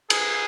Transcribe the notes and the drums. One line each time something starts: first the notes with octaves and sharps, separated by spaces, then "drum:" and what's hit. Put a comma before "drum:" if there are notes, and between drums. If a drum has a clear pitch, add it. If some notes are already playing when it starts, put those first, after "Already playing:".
G#4, drum: cymbal